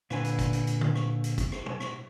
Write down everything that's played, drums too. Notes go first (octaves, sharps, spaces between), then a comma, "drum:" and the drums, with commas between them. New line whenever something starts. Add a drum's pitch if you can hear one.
A#2 D3 B4 G#5, drum: rim click
drum: hi-hat
drum: kick, hi-hat
drum: hi-hat
drum: hi-hat
drum: tom
drum: rim click
drum: hi-hat
drum: kick, hi-hat
drum: rim click
drum: tom
drum: rim click